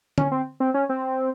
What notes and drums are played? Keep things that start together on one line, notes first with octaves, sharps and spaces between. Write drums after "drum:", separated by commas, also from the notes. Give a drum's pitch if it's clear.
C#4, drum: tom
C4
C4
C#4
C4